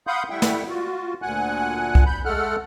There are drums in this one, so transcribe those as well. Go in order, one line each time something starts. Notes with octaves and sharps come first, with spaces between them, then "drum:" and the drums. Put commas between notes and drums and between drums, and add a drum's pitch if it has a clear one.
F5 F#5 B5 C6 D#6 G6
G3 A3 E4 E5 F#5 G5
drum: snare
F4 F#4
D2 A#2 F#5 G#5 F#6
drum: kick
B5 G6
G#3 A3 A4 F#5 F6 F#6